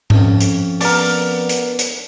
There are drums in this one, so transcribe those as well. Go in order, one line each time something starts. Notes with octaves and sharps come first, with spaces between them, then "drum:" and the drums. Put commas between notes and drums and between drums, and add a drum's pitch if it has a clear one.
F2 C#4, drum: tom G#2
drum: hi-hat
B3 A#4 D5, drum: open hi-hat
drum: hi-hat
drum: hi-hat